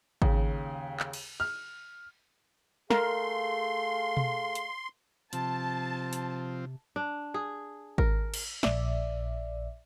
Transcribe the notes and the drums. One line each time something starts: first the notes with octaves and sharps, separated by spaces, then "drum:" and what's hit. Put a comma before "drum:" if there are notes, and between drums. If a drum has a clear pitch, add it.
D#2 C#3, drum: kick G#1
drum: clap
drum: cymbal
F6
A3 G#4 A#4 F5 C6, drum: snare
drum: tom B2
drum: hi-hat
C3 F3 C4 A5, drum: hi-hat
drum: hi-hat
D4
G#4
A#4, drum: kick G#1
drum: cymbal
A#1 D5 E5, drum: snare